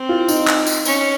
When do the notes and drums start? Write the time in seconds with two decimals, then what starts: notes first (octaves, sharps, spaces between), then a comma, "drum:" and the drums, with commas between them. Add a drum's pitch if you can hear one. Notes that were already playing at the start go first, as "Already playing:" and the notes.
Already playing: C4
0.09 F4
0.28 D#4, drum: tambourine
0.47 drum: clap
0.66 drum: tambourine
0.85 C#4, drum: tambourine